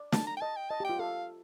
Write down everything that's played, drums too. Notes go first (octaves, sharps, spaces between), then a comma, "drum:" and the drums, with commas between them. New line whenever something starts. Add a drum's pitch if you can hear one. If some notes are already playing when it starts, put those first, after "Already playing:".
Already playing: D5
A5, drum: snare
A#5
G5
D#5 A5
G5
D#5 A5
G4
F4 G5
A4 F5